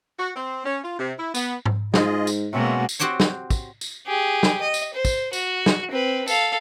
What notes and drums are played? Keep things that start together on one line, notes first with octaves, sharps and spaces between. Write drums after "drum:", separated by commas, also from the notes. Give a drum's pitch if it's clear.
F#4
C4
C#4
F4
C3
E4
B3, drum: tambourine
drum: tom G#2
G#2 F4 G#4 D#5, drum: snare
drum: tambourine
B2 F#3 G#3 A#3 C4 C#4 E5
drum: tambourine
C4 F#4 G4 C5 C#5
drum: snare
drum: kick, tambourine
drum: tambourine
G4 G#4
drum: snare
D#5
drum: tambourine
C5
drum: kick, tambourine
F#4, drum: tambourine
drum: snare
C4 B4
A4 F5, drum: tambourine